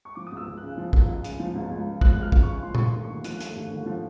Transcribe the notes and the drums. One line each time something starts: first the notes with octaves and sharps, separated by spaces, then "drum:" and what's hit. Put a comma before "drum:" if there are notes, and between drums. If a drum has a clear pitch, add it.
C#6
F3 D6
D#6
C#2 E6
C#2
C#3 F#6
F3
C#2, drum: kick
C#2
C#3, drum: hi-hat
F3
C#2
C#2
C#3
F3 F#6, drum: kick
C#2
F6
C#2, drum: kick
C#3 C#6
F3 C6
C#6, drum: tom A#2
A3 C6
D#2
D3 C#6
F3 F#6, drum: hi-hat
A3, drum: hi-hat
D#2
D3
F3